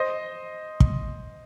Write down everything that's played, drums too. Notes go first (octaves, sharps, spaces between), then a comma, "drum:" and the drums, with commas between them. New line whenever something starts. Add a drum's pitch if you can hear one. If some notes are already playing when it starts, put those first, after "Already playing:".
Already playing: C5 D#5
drum: kick